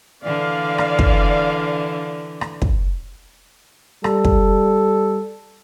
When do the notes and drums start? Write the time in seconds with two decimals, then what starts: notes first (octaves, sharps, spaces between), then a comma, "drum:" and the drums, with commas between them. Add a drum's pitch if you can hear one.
0.23 D3 E3 D5 F5
0.78 drum: rim click
0.99 drum: kick
2.41 drum: rim click
2.62 drum: kick
4.04 G3 A4, drum: rim click
4.25 drum: kick